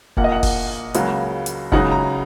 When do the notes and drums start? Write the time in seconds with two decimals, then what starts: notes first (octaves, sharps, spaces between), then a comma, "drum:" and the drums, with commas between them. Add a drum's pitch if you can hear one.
0.17 A#1 A#2 A#3 F#5, drum: kick F1
0.24 D#5
0.32 F#5
0.43 drum: kick F1, open hi-hat
0.94 C#2 C#3 F#3 A#3, drum: hi-hat
1.46 drum: hi-hat
1.72 C#2 C#3 F#3 D#4 F#5, drum: kick F1
1.91 A#5